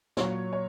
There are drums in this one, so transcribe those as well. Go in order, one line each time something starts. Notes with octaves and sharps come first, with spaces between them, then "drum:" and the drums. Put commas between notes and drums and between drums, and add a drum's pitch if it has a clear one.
A#2 F#3 C#5, drum: snare
C#5